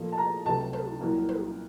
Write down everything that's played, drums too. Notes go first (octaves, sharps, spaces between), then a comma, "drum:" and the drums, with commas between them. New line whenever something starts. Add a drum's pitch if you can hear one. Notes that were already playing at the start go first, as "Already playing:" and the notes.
Already playing: A#2 F3 A3
A5
A#5
C#2 C3 F#3 A3 A5
drum: tom
C2 A#2 F#3
drum: tom